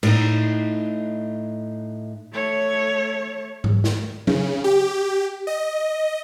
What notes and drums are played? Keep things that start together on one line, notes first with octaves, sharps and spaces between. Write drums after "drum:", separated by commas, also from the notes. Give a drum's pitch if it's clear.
A2 D#4, drum: cymbal
A3 C#5
drum: tom G#2
drum: snare
C#3, drum: tom F#3
G4
D#5